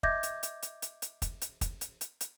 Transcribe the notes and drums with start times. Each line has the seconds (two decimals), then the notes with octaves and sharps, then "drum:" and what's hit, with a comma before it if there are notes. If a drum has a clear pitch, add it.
0.03 D#5 E5 D6 G6 G#6 A#6, drum: kick
0.23 drum: hi-hat
0.43 drum: hi-hat
0.62 drum: hi-hat
0.82 drum: hi-hat
1.02 drum: hi-hat
1.22 drum: kick, hi-hat
1.41 drum: hi-hat
1.61 drum: kick, hi-hat
1.81 drum: hi-hat
2.01 drum: hi-hat
2.21 drum: hi-hat